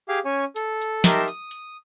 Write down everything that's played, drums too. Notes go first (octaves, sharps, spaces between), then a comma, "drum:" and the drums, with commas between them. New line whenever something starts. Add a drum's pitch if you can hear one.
G4 G#4 F5
C#4 C#5 G#5
A4, drum: hi-hat
drum: hi-hat
D#4 G4 A#4 E5 A5 C6, drum: snare
D#6, drum: hi-hat
drum: hi-hat